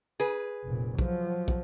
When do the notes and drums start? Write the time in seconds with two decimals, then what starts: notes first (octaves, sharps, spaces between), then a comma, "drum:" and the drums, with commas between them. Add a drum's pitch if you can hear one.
0.20 G#4 B4
0.64 F1 A#2
0.99 F3 F#3, drum: kick
1.48 drum: kick